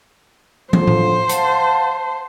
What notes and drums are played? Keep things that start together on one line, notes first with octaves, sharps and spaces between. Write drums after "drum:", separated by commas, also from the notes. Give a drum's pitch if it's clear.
F#2 D3 F3 C5, drum: tom
drum: tom
F5 F#5 A5, drum: hi-hat